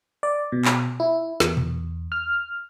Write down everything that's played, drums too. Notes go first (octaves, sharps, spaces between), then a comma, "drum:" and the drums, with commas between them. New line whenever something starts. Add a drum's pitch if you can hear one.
D5
B2
drum: clap
E4
E2, drum: snare
drum: tom A#2
F6